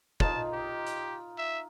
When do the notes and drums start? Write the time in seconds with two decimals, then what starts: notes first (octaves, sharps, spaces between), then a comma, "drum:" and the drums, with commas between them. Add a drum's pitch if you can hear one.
0.20 D#4 F4 A5, drum: kick
0.53 G4
0.87 drum: hi-hat
1.38 E5